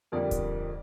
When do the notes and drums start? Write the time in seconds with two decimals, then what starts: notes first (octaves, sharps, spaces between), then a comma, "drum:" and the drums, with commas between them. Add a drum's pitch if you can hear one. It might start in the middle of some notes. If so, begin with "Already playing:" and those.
0.12 F2 D3 G3 A#3 A#4 D5
0.31 drum: kick D1, hi-hat